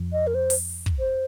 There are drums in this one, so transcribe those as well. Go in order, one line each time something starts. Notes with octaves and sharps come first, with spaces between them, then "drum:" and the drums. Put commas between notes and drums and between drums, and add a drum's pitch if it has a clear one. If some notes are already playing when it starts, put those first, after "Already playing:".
Already playing: F2 F3
D#5
A#4
C5
drum: open hi-hat
drum: kick
C5